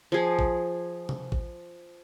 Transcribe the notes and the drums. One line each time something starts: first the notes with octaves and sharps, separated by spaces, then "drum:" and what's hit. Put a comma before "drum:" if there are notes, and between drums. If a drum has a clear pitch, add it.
F3 G#4
drum: kick G#1
drum: tom C3
drum: kick G#1